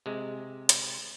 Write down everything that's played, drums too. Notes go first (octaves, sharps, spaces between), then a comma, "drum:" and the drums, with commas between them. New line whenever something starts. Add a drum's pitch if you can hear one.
C3 G#3
drum: hi-hat